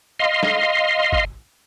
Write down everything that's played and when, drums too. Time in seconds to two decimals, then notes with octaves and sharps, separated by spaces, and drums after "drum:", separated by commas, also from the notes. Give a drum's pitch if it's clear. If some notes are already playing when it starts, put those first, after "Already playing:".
0.19 D#5 F5 C6
0.43 drum: snare
1.13 drum: kick G1